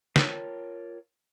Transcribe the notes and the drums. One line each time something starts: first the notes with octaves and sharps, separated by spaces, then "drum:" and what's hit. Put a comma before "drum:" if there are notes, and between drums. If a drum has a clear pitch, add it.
F4 A#4 C#5 G5 A5, drum: snare